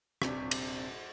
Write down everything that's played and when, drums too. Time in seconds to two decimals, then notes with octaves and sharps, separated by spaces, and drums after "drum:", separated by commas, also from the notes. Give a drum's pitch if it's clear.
0.22 D#1 C3 D4, drum: rim click
0.51 drum: cymbal